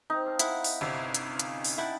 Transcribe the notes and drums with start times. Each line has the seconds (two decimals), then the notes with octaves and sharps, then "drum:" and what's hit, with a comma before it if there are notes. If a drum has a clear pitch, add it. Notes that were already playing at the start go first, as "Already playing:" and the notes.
0.10 C4 D#4
0.25 G4 F5 A5
0.39 E4 F#5, drum: hi-hat
0.64 drum: open hi-hat
0.81 G1 C3
1.14 drum: hi-hat
1.29 C#4 F4
1.39 drum: hi-hat
1.65 drum: open hi-hat
1.78 E4 F#5 G5 A5